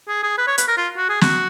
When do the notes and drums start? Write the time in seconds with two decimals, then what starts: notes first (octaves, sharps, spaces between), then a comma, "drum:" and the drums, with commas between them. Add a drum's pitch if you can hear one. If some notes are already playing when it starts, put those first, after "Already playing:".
0.08 G#4
0.23 G#4
0.38 B4
0.47 C#5
0.58 B4, drum: hi-hat
0.68 A#4
0.77 F4
0.97 F#4
1.09 G#4
1.21 F#4, drum: snare